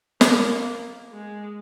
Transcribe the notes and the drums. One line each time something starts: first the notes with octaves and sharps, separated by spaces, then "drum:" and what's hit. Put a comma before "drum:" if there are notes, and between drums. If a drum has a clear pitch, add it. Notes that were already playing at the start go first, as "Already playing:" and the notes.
A#3, drum: snare
G#3